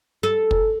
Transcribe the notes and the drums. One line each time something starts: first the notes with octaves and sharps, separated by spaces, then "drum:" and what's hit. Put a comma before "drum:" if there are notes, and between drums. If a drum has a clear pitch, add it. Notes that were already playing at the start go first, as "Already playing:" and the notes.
A4
drum: kick